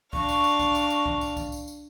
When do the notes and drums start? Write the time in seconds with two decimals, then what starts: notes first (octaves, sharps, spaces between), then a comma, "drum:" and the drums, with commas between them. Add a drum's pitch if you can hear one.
0.13 D4 F5 C#6, drum: kick C2
0.29 drum: tambourine
0.44 drum: tambourine
0.59 drum: kick C2, tambourine
0.75 drum: tambourine
0.90 drum: tambourine
1.06 drum: kick C2
1.21 drum: tambourine
1.37 drum: kick C2, tambourine
1.52 drum: tambourine
1.68 drum: tambourine